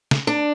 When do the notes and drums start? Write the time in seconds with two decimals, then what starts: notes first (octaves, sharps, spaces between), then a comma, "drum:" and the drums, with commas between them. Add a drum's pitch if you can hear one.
0.11 drum: snare
0.27 D4